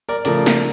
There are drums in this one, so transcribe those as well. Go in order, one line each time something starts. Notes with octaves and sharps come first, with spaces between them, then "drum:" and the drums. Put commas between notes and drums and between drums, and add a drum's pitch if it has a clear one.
A#4 D5
C#3 F3 A3 A#4 D5, drum: hi-hat
drum: snare